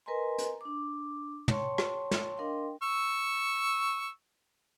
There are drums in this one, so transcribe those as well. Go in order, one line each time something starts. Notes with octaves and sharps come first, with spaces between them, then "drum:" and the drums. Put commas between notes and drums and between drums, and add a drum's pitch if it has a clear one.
A#4 B4 D#5 G#5 A#5 C6
drum: hi-hat
D4 D6
C#5 G5 A5 C6 C#6, drum: tom
drum: rim click
drum: snare
D4 A#4 D#5 F5 G5 C6
C#6 E6